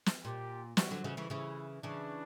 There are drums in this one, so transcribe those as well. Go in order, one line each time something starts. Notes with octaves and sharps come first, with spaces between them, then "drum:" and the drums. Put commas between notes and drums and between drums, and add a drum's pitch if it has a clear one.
drum: snare
A#2 G4
E3 G3 F#4, drum: snare
D3 F#3
C#3 E3
C#3 E3
C#3 E3 E4
C#3 E3 D4